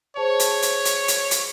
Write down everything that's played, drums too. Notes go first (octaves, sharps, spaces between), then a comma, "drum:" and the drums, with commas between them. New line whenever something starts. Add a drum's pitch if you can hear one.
G#4 C5 C#5 A5
drum: hi-hat
drum: hi-hat
drum: hi-hat
drum: hi-hat
drum: hi-hat